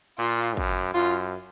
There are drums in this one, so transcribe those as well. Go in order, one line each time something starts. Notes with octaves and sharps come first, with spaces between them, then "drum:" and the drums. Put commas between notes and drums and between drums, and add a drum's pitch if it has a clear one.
A#2 F4
F#2, drum: kick
F#2 F4